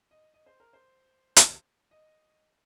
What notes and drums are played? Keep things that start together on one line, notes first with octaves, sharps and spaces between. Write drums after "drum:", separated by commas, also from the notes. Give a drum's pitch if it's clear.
D#5
D#5
C5
A#4
C5
drum: hi-hat
D#5